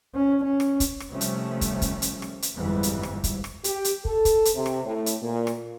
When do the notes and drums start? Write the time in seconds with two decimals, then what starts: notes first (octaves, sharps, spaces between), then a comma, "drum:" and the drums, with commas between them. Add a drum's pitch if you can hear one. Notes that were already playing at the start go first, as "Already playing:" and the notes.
0.15 C#4
0.44 C#4
0.60 drum: rim click
0.80 drum: kick, hi-hat
1.00 drum: rim click
1.11 C3 D#3 F3 G3 A3 C#4
1.21 drum: hi-hat
1.61 drum: kick, hi-hat
1.82 drum: kick, hi-hat
2.02 drum: hi-hat
2.22 drum: rim click
2.42 drum: hi-hat
2.54 G1 F2 G#2 E3 G3
2.83 drum: hi-hat
3.03 drum: rim click
3.24 drum: kick, hi-hat
3.44 drum: rim click
3.64 G4, drum: hi-hat
3.84 drum: hi-hat
4.05 A4, drum: kick
4.25 drum: kick, hi-hat
4.45 drum: hi-hat
4.55 C3
4.66 drum: rim click
4.85 A2
5.06 drum: hi-hat
5.22 A#2
5.47 drum: rim click